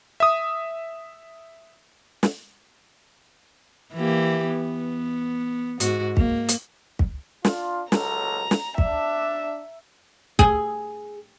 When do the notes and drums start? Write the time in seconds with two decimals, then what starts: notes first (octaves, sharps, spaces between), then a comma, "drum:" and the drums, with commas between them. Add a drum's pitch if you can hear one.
0.20 E5 D#6
2.23 drum: snare
3.94 E3 A#3 G4
4.48 B3
5.80 G#2 F#4, drum: hi-hat
6.17 A#3, drum: kick
6.49 drum: hi-hat
6.99 drum: kick
7.45 D4 F4, drum: snare
7.92 C#2 F#3 A4 A#5, drum: snare
8.51 drum: snare
8.78 D4 E5, drum: kick
10.39 G#4, drum: kick